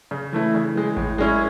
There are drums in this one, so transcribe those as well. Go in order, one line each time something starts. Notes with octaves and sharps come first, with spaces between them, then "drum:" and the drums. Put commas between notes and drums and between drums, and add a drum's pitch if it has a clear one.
C#3
E3 A3 E4
C#3
E3 G#3
A2, drum: kick G#1
G#3 C#4 E4